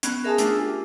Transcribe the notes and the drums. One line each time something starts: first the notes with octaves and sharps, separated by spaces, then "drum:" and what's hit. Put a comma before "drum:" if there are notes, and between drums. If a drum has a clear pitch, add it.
B3 C#4, drum: hi-hat
G#4 A#4 E5 A5
A3 D4 F4, drum: hi-hat
G4